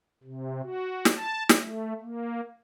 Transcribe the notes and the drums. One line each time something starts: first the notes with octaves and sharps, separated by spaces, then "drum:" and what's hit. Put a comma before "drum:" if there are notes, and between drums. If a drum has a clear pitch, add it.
C3
F#4
drum: snare
A5
drum: snare
A3
A#3